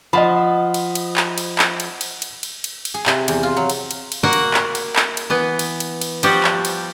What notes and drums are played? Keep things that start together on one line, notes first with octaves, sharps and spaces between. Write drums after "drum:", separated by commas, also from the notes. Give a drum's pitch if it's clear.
F3 D#5 F#5 B5
drum: cymbal
drum: cymbal
drum: clap
drum: cymbal
drum: clap
drum: cymbal
drum: cymbal
drum: cymbal
drum: cymbal
drum: cymbal
drum: cymbal
G#4
C3, drum: clap
E2, drum: cymbal
F4
F#3
drum: cymbal
drum: cymbal
drum: cymbal
A#3 F#4 A#4 F#5
drum: cymbal
drum: clap
drum: cymbal
drum: clap
drum: cymbal
E3 B3
drum: cymbal
drum: cymbal
drum: cymbal
F3 G3 F#4 G4, drum: cymbal
drum: clap
drum: cymbal